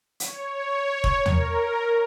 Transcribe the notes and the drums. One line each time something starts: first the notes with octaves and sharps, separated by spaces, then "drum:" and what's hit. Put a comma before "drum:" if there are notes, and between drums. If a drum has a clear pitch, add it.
C#5, drum: hi-hat
drum: kick E1
A#4, drum: tom